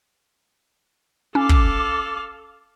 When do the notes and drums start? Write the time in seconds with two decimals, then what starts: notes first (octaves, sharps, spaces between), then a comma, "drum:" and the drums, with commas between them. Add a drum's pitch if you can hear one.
1.35 C#4 A4 F5 D6
1.49 drum: kick